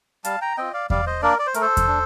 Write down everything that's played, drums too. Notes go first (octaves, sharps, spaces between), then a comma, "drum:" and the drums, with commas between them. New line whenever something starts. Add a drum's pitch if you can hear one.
G3 F5 A5, drum: hi-hat
G5 A#5
C4 F4 D#5 G5
D5 F5
G3 D5 F5, drum: kick E2
C5 D#5
A#3 D4 A#4 D5
D5
C5
A3 A#4, drum: hi-hat
A4 C5
drum: kick E2, hi-hat
D4